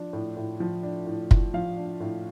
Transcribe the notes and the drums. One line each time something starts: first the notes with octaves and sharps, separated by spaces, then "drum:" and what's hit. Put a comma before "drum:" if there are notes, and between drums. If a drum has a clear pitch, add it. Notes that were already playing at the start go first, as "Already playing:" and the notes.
Already playing: F3 D4
A2
A2
F3
D4
A2
A2, drum: kick
F3 F5
D4
A2